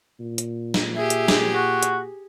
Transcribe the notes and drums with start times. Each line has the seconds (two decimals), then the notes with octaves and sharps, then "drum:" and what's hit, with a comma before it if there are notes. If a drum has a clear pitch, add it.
0.20 A#2
0.38 drum: hi-hat
0.74 drum: snare
0.96 G4 G#4 E5
1.10 drum: hi-hat
1.28 drum: snare
1.53 F#4
1.83 drum: hi-hat